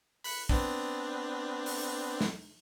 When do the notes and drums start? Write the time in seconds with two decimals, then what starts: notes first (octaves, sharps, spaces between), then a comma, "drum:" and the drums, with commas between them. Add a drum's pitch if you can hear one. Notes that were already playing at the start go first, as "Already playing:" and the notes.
0.24 B5 F#6 C#7, drum: open hi-hat
0.49 B3 C4 D4, drum: kick
1.66 drum: open hi-hat
2.21 drum: snare